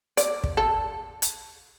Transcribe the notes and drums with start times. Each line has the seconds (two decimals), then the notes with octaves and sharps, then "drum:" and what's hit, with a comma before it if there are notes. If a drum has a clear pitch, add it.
0.17 D5, drum: hi-hat
0.44 drum: kick
0.57 A4
1.22 drum: hi-hat